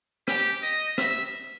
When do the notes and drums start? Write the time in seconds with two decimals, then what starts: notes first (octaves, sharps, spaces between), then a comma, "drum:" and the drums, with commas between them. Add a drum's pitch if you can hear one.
0.28 G4, drum: rim click
0.63 D#5
0.98 E5, drum: rim click